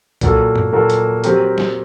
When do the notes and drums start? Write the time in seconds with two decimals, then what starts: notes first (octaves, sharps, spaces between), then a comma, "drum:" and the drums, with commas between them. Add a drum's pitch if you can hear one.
0.21 A#2 F#3 A#3 F#4 A4, drum: kick, hi-hat
0.56 drum: tom G2
0.73 A#2 F#3 A#3 F#4 A4
0.90 drum: hi-hat
1.24 F#3 C4 G4 A#4, drum: hi-hat
1.58 drum: snare